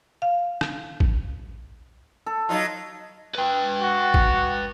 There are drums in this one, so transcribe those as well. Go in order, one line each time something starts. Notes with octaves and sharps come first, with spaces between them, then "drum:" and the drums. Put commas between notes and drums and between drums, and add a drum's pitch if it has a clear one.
F5
drum: rim click
drum: kick
A4
F#3 D#4 F4
B4 G5
F#4
drum: kick